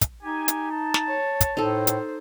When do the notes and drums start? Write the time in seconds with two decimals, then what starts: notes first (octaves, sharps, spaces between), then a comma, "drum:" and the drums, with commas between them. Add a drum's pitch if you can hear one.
0.01 drum: kick, hi-hat
0.23 D#4 G4 G#5
0.48 drum: hi-hat
0.71 A5
0.94 drum: snare
1.08 C#5
1.41 drum: kick, hi-hat
1.57 A2 D#4 A4 C5
1.87 drum: hi-hat